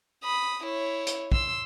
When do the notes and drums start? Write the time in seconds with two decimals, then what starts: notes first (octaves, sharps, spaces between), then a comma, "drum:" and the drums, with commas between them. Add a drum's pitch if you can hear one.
0.23 B5 D#6
0.64 E4 C#5
1.07 drum: hi-hat
1.32 C6 E6, drum: kick